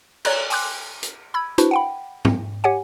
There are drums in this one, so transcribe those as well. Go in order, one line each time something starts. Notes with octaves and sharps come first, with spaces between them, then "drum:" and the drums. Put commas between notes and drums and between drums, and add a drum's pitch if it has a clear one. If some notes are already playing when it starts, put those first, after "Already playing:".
C#5 D5 A#5 F#6, drum: cymbal
G5 G#5 C6 D6 F#6, drum: open hi-hat
drum: hi-hat
B5 E6 G#6
D4 E4 F#4 B4 C5, drum: hi-hat
F#5 G5 B5
drum: tom G#2
G4 C#5 F#5 G#5